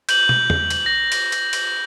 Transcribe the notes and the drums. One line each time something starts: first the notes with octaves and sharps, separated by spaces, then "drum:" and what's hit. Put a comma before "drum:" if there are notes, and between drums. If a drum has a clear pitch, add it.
G6 F#7, drum: cymbal
drum: tom
drum: tom E2
drum: cymbal
A#6
drum: cymbal
drum: cymbal
drum: cymbal